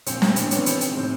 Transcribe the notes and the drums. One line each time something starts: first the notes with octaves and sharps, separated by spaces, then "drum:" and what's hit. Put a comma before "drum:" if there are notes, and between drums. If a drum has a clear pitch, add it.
A#2 F3 C4, drum: hi-hat
C4, drum: snare
A2 E3 C4 D4, drum: hi-hat
B3 C#4, drum: hi-hat
C3 D#3 C4, drum: hi-hat
drum: hi-hat
A2 E3 C4